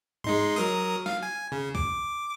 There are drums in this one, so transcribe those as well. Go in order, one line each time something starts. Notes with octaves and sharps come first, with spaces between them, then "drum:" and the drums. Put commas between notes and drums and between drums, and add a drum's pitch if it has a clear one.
G#3 D#4 C6, drum: tom G#2
F#3 A#4 D#6, drum: open hi-hat
F5, drum: snare
G#5
C#3
D6, drum: kick